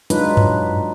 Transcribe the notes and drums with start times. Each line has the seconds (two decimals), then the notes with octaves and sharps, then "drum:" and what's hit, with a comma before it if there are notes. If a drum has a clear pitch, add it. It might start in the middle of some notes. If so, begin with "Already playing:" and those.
0.10 F#3 G#3 D4 D#4 F4 B4, drum: hi-hat
0.37 drum: tom F#2